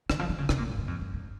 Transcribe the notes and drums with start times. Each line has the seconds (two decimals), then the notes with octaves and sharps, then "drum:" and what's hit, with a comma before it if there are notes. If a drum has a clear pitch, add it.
0.10 D#3, drum: rim click
0.19 F3
0.29 D#3
0.38 C#3
0.49 C3, drum: rim click
0.58 A#2
0.68 G#2
0.78 F#2
0.87 F2
1.01 F#2
1.14 G#2